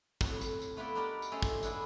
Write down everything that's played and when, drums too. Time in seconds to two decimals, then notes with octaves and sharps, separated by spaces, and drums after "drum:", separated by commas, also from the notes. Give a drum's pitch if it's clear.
0.21 F2 A2 C#5, drum: kick, tambourine
0.41 drum: tambourine
0.61 drum: tambourine
0.77 A3 B3 E4 F4 B4 D5
0.95 D4 D#4 F#4 G4 A#4 D5
1.22 drum: tambourine
1.32 A3 C#4 G#4 A4 C5 D#5
1.42 drum: kick, tambourine
1.63 A3 B3 D4 E4 G#4, drum: tambourine